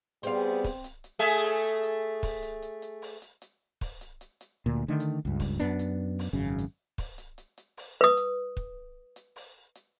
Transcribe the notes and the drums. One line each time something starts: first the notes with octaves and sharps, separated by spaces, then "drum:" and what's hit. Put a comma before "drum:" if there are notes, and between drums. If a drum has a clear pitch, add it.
G3 B3 C4 G#4 F5, drum: hi-hat
drum: kick, open hi-hat
drum: hi-hat
drum: hi-hat
A3 G#4 E5
drum: open hi-hat
drum: hi-hat
drum: hi-hat
drum: kick, open hi-hat
drum: hi-hat
drum: hi-hat
drum: hi-hat
drum: open hi-hat
drum: hi-hat
drum: hi-hat
drum: kick, open hi-hat
drum: hi-hat
drum: hi-hat
drum: hi-hat
D2 A#2
D3 D#3 A3
drum: hi-hat
C#2 G2
drum: kick, open hi-hat
F#2 B3 D4, drum: hi-hat
drum: hi-hat
drum: open hi-hat
G#1 F#2 C#3
drum: hi-hat
drum: kick, open hi-hat
drum: hi-hat
drum: hi-hat
drum: hi-hat
drum: open hi-hat
B4 D#6
drum: hi-hat
drum: kick
drum: hi-hat
drum: open hi-hat
drum: hi-hat